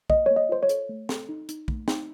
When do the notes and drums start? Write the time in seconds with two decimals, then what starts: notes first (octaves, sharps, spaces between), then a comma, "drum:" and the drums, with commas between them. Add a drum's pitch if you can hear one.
0.10 A#3 D#5, drum: kick
0.26 A#3 C#5
0.36 D#5
0.49 F4 C5
0.63 C#5
0.69 A4, drum: hi-hat
0.89 A3
1.09 A4, drum: snare
1.29 D#4
1.49 D#4, drum: hi-hat
1.68 A3, drum: kick
1.88 D#4, drum: snare